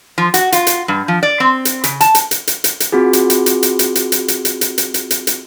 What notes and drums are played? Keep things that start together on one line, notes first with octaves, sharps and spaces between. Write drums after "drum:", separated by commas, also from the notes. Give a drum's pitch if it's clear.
F3
F#4, drum: hi-hat
F4, drum: hi-hat
drum: hi-hat
G2
F3
D5
C4
drum: hi-hat
C#3, drum: hi-hat
A5, drum: hi-hat
drum: hi-hat
drum: hi-hat
drum: hi-hat
drum: hi-hat
drum: hi-hat
C4 F4 F#4 G#4
drum: hi-hat
drum: hi-hat
drum: hi-hat
drum: hi-hat
drum: hi-hat
drum: hi-hat
drum: hi-hat
drum: hi-hat
drum: hi-hat
drum: hi-hat
drum: hi-hat
drum: hi-hat
drum: hi-hat
drum: hi-hat